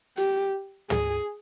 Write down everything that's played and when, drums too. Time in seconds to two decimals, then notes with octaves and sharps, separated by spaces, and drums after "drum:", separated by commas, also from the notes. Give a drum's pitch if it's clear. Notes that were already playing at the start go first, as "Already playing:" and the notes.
0.17 G4, drum: hi-hat
0.90 G#4, drum: tom